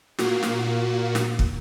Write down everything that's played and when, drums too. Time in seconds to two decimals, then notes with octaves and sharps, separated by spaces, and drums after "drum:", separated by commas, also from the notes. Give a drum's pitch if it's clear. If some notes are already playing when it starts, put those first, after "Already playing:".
0.19 A#2 A#3 F#4, drum: snare
0.43 drum: snare
1.15 drum: snare
1.39 drum: kick